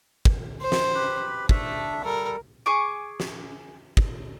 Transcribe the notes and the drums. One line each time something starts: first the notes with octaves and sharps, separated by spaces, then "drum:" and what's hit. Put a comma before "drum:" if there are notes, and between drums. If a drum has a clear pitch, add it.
drum: kick
C5
drum: snare
G4 B4 B5
A3 D4 E5, drum: kick
G3 A4 A#4
G#4 G#5 C#6 D6
drum: snare
drum: kick